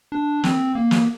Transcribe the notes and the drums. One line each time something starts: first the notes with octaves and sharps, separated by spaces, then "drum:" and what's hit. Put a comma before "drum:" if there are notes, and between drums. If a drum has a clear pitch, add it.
D4
C4, drum: snare
A#3
drum: snare